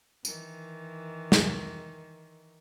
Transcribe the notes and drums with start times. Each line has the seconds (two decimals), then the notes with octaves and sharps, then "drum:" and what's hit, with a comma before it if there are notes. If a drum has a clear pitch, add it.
0.25 D#3 E3, drum: tambourine
1.32 drum: snare